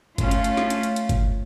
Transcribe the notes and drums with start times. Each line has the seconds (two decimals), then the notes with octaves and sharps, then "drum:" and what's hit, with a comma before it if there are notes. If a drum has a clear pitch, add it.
0.18 A3 C#4 F4, drum: kick, hi-hat
0.31 drum: hi-hat
0.44 drum: hi-hat
0.57 drum: snare
0.70 drum: hi-hat
0.83 drum: hi-hat
0.96 drum: hi-hat
1.09 drum: kick, hi-hat